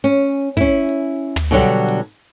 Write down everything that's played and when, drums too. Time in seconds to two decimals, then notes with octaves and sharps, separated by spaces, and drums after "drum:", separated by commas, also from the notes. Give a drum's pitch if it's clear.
0.04 C#4, drum: hi-hat
0.57 C#4 E4, drum: kick
0.89 drum: hi-hat
1.36 drum: tom
1.51 B2 D3 F#3 G3
1.89 drum: open hi-hat